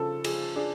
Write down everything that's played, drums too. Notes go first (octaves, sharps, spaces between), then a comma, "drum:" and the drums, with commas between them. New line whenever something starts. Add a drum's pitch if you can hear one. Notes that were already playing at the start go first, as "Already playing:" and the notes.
Already playing: C#3 F3 A4
F3 G#4, drum: cymbal
D4 G#4